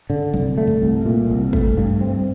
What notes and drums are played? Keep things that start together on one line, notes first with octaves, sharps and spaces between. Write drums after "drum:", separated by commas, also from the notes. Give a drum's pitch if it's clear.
D3, drum: tom F#2
C2, drum: tom
A3
drum: tom F#2
C2
A#2
C2
A3, drum: kick
G2
C4